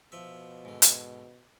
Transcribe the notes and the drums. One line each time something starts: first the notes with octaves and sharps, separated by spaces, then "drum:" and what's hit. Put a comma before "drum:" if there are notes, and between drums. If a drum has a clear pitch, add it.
B2 F3 E5
G#2 D3
drum: hi-hat